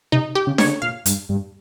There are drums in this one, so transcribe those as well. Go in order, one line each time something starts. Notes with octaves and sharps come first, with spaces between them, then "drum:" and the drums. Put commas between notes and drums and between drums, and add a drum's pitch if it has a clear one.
C3 D#4
G4
C#3
C#5, drum: snare D4
C#3
A#2 F5
G2, drum: hi-hat
G2